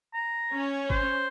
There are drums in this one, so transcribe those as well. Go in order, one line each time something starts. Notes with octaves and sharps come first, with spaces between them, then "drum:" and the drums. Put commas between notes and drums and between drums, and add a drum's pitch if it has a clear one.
A#5
C#4 C#5
C5, drum: kick